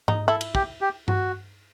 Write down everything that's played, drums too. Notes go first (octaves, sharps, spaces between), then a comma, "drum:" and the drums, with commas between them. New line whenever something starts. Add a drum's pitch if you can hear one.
D#4, drum: tom G#2
E4 A4
drum: cymbal
G4, drum: kick
G4
F#4, drum: tom G2